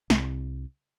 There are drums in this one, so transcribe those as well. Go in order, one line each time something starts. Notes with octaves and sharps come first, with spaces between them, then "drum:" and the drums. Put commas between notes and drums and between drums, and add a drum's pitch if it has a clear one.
C2, drum: snare